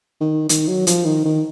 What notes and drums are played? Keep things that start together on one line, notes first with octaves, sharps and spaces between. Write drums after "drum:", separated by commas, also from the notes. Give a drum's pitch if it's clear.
D#3
D#3, drum: hi-hat
F#3
F3, drum: hi-hat
D#3
D#3